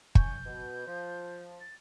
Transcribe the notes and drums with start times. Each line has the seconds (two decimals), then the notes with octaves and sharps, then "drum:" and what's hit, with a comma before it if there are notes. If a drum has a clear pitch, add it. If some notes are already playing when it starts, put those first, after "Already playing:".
0.15 G2 G#5 C#6 G6, drum: kick
0.46 B2
0.87 F3
1.61 A6